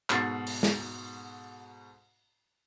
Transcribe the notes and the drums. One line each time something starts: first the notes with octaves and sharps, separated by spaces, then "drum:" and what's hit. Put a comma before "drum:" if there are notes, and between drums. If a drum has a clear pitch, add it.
G#2 B2 F#4 A4 A6 C7, drum: clap
drum: open hi-hat
drum: snare